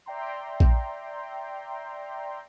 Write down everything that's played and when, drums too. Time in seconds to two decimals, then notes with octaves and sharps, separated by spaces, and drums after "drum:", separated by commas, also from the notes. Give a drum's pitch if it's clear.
0.06 D5 E5 G5 A#5 C6
0.60 drum: kick A#1